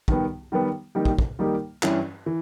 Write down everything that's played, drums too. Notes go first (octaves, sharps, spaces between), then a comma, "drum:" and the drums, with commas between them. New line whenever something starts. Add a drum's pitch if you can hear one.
D#3 G3 B3, drum: kick
D#3 G3 B3
D#3 G3 A#3 D#4 G4
drum: kick
drum: kick
D#3 G3 A#3 D#4 G4
G2 E3 G3 C#4 E4, drum: clap
E3